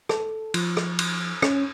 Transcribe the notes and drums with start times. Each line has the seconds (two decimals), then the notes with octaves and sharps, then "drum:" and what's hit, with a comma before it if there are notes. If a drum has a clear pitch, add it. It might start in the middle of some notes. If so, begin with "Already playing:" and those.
0.09 A4, drum: rim click
0.54 F3, drum: cymbal
0.77 drum: rim click
0.99 drum: cymbal
1.42 C#4, drum: rim click